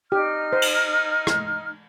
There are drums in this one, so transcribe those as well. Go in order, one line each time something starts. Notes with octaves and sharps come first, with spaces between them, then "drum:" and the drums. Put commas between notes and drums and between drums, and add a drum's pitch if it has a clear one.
D#4 G4 F6
C5
drum: cymbal
drum: rim click